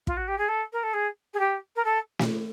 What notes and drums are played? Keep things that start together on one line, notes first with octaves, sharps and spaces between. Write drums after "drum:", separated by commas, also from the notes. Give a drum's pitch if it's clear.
F4, drum: kick
F#4
G4
G#4
A4
A#4
A4
G#4
G#4
G4
A#4
A4
drum: snare